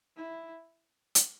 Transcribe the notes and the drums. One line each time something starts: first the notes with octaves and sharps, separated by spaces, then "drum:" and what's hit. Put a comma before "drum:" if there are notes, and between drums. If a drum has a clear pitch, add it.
E4
drum: hi-hat